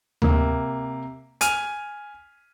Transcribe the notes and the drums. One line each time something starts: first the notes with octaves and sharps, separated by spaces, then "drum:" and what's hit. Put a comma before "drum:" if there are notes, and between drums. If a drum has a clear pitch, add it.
C3 A#3, drum: tom D2
G#5 F6 D#7, drum: hi-hat